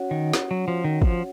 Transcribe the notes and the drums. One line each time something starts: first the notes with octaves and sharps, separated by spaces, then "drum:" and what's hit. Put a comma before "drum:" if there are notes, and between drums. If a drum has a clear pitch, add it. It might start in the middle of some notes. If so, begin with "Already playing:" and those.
Already playing: C#4 F#4 C#5 F#5
D#3
drum: snare
F#3
F3
D#3
F3, drum: kick